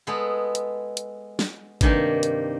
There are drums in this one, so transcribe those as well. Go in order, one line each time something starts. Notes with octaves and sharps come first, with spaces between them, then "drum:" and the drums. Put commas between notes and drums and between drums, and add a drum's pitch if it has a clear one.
G#3 B3 G#4 A4
drum: hi-hat
drum: hi-hat
drum: snare
G2 C3 D#3 A#3 G#5, drum: kick, hi-hat
drum: hi-hat